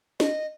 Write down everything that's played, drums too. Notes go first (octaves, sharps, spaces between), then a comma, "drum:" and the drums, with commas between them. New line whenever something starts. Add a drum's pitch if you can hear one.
D#5, drum: snare